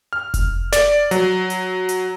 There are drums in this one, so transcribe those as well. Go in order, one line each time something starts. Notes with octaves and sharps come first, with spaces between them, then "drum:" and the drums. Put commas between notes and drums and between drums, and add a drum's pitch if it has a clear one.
F6
drum: kick F1, hi-hat
D5, drum: snare
F#3, drum: hi-hat
drum: hi-hat
drum: hi-hat